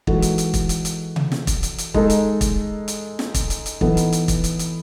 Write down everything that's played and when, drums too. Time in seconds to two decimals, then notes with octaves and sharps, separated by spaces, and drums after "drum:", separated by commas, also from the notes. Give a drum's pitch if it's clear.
0.07 E3 G#3 D#4 F#4 A4, drum: kick
0.22 drum: hi-hat
0.38 drum: hi-hat
0.54 drum: kick, hi-hat
0.69 drum: hi-hat
0.85 drum: hi-hat
1.16 drum: tom C3
1.32 drum: snare
1.47 drum: kick, hi-hat
1.63 drum: hi-hat
1.78 drum: hi-hat
1.94 G#3 D#4 A4, drum: kick
2.10 drum: hi-hat
2.41 drum: kick, hi-hat
2.88 drum: hi-hat
3.19 drum: snare
3.34 drum: kick, hi-hat
3.50 drum: hi-hat
3.66 drum: hi-hat
3.81 E3 B3 D#4 A4, drum: kick
3.97 drum: hi-hat
4.13 drum: hi-hat
4.28 drum: kick, hi-hat
4.44 drum: hi-hat
4.59 drum: hi-hat